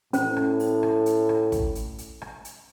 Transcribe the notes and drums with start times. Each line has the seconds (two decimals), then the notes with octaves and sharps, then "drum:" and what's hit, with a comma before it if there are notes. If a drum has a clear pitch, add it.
0.13 A2 C#4 C5, drum: hi-hat
0.36 drum: rim click
0.60 drum: open hi-hat
0.83 drum: rim click
1.06 drum: hi-hat
1.29 drum: rim click
1.52 drum: kick, hi-hat
1.75 drum: hi-hat
1.98 drum: hi-hat
2.22 drum: rim click
2.45 drum: hi-hat